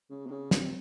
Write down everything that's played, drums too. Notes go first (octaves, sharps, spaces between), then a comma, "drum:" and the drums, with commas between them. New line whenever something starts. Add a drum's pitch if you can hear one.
C#3
C3
C#3
C3, drum: snare